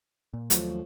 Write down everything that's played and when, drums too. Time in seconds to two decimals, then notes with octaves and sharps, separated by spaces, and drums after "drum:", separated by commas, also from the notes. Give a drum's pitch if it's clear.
0.34 A#2
0.50 D#2 F3 F#3 A3, drum: hi-hat